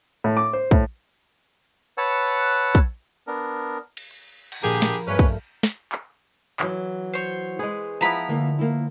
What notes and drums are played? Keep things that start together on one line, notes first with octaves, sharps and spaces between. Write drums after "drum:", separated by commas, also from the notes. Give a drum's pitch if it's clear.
A2
D6
C5
A2, drum: kick
B4 C#5 F#5 A5 E6
drum: hi-hat
drum: kick
B3 D4 A#4
drum: cymbal
drum: open hi-hat
drum: cymbal
A#2 D3 F3 G4 G#4 A#4
B5, drum: snare
G2 A3 C#4 B4 F6
drum: kick
drum: snare
drum: clap
E3 F#3, drum: clap
C5 C#5
G#3 G#4 B4
F3 B3 E4 A#5 B5
D3 E3 A#3
A#3 E4